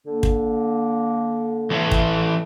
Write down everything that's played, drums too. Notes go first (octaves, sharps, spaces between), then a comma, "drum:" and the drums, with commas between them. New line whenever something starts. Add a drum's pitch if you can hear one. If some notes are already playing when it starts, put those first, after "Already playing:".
D3 A#3
drum: kick
E3 A4 C#5
drum: kick